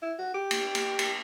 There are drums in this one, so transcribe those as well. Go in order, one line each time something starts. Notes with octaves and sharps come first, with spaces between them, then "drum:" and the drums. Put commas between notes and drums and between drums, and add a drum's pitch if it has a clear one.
E4
F#4
G4
drum: cymbal
drum: cymbal
drum: cymbal